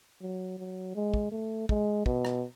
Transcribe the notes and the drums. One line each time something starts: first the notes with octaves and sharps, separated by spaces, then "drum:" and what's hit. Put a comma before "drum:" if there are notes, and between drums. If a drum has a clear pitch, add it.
F#3
F#3
G#3
drum: kick
A3
G#3, drum: kick
B2, drum: kick
drum: rim click